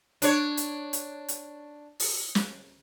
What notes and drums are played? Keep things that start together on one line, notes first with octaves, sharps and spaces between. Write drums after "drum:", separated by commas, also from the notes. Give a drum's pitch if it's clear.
D4 C#5, drum: hi-hat
drum: hi-hat
drum: hi-hat
drum: hi-hat
drum: open hi-hat
drum: snare